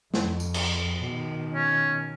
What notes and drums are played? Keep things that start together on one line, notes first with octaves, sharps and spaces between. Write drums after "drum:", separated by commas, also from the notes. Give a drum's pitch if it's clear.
F2, drum: snare
drum: tambourine
drum: cymbal
B2 D#3
C#4